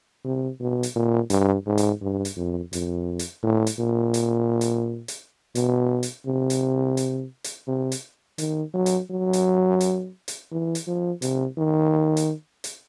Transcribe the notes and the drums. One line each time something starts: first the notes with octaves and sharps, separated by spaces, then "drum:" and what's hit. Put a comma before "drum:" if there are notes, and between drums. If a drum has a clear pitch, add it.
C3
B2
drum: hi-hat
A#2
G2, drum: hi-hat
G#2
drum: hi-hat
G2
drum: hi-hat
F2
F2, drum: hi-hat
drum: hi-hat
A2
drum: hi-hat
A#2
drum: hi-hat
drum: hi-hat
drum: hi-hat
B2, drum: hi-hat
drum: hi-hat
C3
drum: hi-hat
drum: hi-hat
drum: hi-hat
C3
drum: hi-hat
D#3, drum: hi-hat
F#3
drum: hi-hat
F#3
drum: hi-hat
drum: hi-hat
drum: hi-hat
E3
drum: hi-hat
F3
C3, drum: hi-hat
D#3
drum: hi-hat
drum: hi-hat